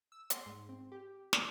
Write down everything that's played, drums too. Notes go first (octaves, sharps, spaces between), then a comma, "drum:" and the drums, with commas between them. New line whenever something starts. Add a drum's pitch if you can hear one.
E6
C6, drum: hi-hat
G#2
C4
G4
D5, drum: snare